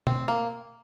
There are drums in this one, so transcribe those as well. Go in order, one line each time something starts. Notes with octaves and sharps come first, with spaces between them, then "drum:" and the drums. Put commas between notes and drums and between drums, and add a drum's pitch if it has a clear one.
C4, drum: tom
A#3